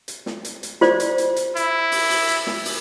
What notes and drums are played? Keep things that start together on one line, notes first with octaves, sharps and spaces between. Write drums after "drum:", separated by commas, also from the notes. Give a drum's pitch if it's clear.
drum: hi-hat
drum: snare
drum: hi-hat
drum: hi-hat
F4 C5 D5, drum: snare
drum: hi-hat
drum: hi-hat
drum: hi-hat
E4, drum: hi-hat
drum: open hi-hat
drum: open hi-hat
drum: hi-hat
drum: snare
drum: open hi-hat